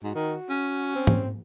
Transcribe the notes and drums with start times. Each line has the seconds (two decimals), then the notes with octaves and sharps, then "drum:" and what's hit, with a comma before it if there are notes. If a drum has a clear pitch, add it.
0.03 G#2 F#4
0.15 D#3
0.49 C#4
0.95 C4
1.07 drum: tom G#2